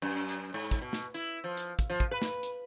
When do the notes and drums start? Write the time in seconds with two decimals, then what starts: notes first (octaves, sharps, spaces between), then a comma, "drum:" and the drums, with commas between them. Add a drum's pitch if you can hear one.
0.02 F#2
0.29 drum: hi-hat
0.54 G#2
0.71 drum: kick, hi-hat
0.82 B2
0.93 drum: snare
1.14 E4, drum: hi-hat
1.44 F3
1.57 drum: hi-hat
1.79 drum: kick, hi-hat
1.90 F3
2.00 drum: kick
2.11 B4
2.22 drum: snare
2.43 drum: hi-hat